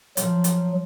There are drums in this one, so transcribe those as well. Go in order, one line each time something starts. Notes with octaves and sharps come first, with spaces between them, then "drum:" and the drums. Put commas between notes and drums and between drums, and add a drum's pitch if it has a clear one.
F3 F#3, drum: hi-hat
drum: hi-hat